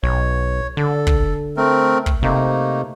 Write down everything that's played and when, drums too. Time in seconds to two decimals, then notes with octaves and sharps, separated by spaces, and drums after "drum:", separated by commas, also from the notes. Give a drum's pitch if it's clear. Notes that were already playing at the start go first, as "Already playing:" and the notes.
0.03 B1 C#5
0.77 D3 A4
1.07 drum: kick
1.57 A3 C4 A#4
2.06 drum: kick
2.23 C3 A3 A#3 D#4